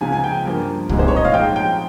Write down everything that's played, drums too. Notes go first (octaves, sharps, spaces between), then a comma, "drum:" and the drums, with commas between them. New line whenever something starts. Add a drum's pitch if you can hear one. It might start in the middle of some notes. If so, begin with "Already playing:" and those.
C#2 C#3 F3 G#5
G#5
G5
G2 F3 A#3
C2 A#2 G#3 D#4, drum: kick
C5
C#5
D#5
F5
G#2 F3 G#3 G5
G5